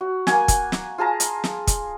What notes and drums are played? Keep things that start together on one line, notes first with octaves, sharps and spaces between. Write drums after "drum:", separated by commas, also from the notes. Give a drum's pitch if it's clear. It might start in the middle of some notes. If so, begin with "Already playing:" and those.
F#4
A#3 F#5 G#5, drum: snare
drum: kick, hi-hat
drum: snare
F4 G#4 A5 A#5
drum: hi-hat
drum: snare
drum: kick, hi-hat